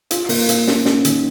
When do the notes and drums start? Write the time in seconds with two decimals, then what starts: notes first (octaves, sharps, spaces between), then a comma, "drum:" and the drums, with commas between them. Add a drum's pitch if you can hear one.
0.11 F4, drum: hi-hat
0.29 A#3, drum: open hi-hat
0.49 A#3, drum: hi-hat
0.68 C#4, drum: snare
0.86 C#4, drum: snare
1.05 D#3, drum: hi-hat